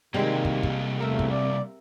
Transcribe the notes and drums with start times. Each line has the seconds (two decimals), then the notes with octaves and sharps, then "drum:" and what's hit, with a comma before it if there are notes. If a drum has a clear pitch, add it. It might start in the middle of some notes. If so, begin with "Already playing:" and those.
0.14 C2 C3 D#3 G3 G#3 A#3 C4
0.45 drum: kick
0.63 drum: kick
1.00 E2 A3 A#4 E5
1.19 drum: kick
1.31 D5